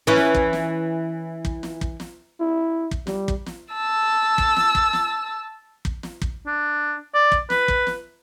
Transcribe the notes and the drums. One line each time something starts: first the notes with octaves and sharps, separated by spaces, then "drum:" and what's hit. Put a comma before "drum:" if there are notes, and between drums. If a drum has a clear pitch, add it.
E3 C#4
drum: snare
drum: kick
drum: snare
drum: kick
drum: snare
drum: kick
drum: snare
E4
drum: kick
G3, drum: snare
drum: kick
drum: snare
A5 E6
drum: kick
drum: snare
drum: kick
drum: snare
drum: kick
drum: snare
drum: kick
D4
D5
drum: kick
B4, drum: snare
drum: kick
drum: snare